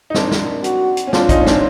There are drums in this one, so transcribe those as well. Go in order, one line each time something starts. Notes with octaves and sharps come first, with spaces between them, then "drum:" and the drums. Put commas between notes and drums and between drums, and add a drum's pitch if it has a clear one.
D#4
C4 D4 A#4, drum: snare
drum: snare
F#4, drum: hi-hat
drum: hi-hat
C#4
C4 D4 F4, drum: snare
C#4 D#4, drum: kick, hi-hat
C#4
C4 D4, drum: snare